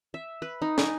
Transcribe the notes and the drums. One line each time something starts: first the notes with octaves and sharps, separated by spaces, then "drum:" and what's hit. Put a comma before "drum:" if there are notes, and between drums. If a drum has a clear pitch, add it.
E5
B4
D#4
G#5, drum: snare